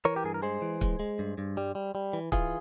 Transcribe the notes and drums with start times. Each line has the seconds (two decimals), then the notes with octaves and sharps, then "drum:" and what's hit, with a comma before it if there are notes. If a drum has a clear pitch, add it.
0.05 E3 A#4 C#5
0.16 G4
0.24 G2 G#4
0.34 A#4
0.42 G#3 G#4 C5
0.62 E3
0.81 G#3, drum: kick
1.00 G#3
1.19 G2
1.38 G2
1.57 G3
1.75 G3
1.95 G3
2.13 E3
2.32 E3 F4 G#4, drum: kick